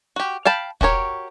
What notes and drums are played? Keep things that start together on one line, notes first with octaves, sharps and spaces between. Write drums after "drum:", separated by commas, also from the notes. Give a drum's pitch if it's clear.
F#4 G4
F5 G5 A5 B5
F#4 G4 A#4 C#5, drum: kick